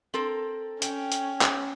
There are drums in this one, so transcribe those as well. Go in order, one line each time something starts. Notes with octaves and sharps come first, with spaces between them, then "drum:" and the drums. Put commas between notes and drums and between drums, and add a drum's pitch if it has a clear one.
C4 A4 A#4
C#4 G5, drum: hi-hat
drum: hi-hat
drum: clap